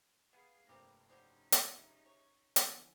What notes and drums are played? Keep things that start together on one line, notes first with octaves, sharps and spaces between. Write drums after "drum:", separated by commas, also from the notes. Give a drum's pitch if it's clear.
B3 G#4 F5 G#6 C7 D#7
F1 G2 A#3 C4 G4 A#4 B4
F#3 G3 C#4 D#4 C5
G4 G#4 E5, drum: hi-hat
C#5
D3 E3 F3 B3, drum: hi-hat